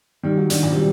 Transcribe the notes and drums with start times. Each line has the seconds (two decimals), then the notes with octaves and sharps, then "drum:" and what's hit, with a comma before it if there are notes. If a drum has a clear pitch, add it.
0.23 D#3 G3
0.37 F#3
0.50 D#3 D4 F#4, drum: hi-hat
0.63 A#2
0.70 C3
0.76 G3